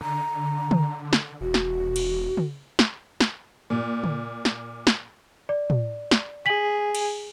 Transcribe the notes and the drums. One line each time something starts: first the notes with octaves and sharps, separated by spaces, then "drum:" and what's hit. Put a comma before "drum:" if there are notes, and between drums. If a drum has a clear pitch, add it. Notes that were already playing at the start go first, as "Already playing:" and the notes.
D3 A#5
drum: tom
drum: snare
E1 F#4
drum: snare
drum: cymbal
drum: tom
drum: snare
drum: snare
A#2
drum: tom
drum: snare
drum: snare
D5
drum: tom
drum: snare
G#4 B6 F#7
drum: cymbal